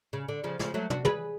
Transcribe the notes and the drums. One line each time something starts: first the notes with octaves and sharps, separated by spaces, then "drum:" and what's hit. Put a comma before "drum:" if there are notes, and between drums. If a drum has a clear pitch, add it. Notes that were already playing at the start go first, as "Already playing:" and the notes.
C#3
D3
C#3 F3
C#3 F3, drum: snare
F#3 A3
D4 F#4, drum: tom
G#4 B4, drum: tom